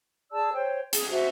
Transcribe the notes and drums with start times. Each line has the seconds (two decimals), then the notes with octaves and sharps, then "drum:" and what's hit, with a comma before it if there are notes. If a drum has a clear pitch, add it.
0.32 G#4 D5 A5 E6
0.53 C5 C#5 G5
0.93 G#4, drum: hi-hat
1.11 F#4 C5 E5